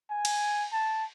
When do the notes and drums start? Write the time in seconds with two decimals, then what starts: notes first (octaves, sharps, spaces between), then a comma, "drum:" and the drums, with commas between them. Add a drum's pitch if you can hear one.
0.10 G#5
0.25 drum: cymbal
0.72 A5